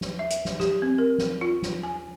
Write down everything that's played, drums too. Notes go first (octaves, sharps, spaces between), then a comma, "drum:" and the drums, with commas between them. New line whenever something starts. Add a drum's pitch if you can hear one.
drum: snare
E5
drum: hi-hat
drum: snare
G4, drum: snare
C4
A#4
drum: snare
F4
drum: snare
G#5